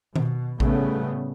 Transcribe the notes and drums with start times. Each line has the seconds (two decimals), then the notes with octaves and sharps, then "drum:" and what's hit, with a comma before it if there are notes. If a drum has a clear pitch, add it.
0.16 B2, drum: tom D#3
0.60 A2 C#3 G3 A3 B3, drum: kick A1